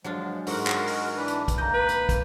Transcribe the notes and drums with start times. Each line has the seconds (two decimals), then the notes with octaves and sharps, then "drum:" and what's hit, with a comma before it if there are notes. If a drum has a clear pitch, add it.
0.04 F3 F#3 G#3 D4 F4
0.47 G#2 G#3 F#4 A#4 F#5, drum: open hi-hat
0.67 drum: clap
0.87 drum: open hi-hat
1.16 E3 D4 B4
1.28 drum: hi-hat
1.48 drum: kick, hi-hat
1.58 A#3 D#5 A#5 G6
1.74 B4
1.89 drum: hi-hat
2.09 drum: kick, hi-hat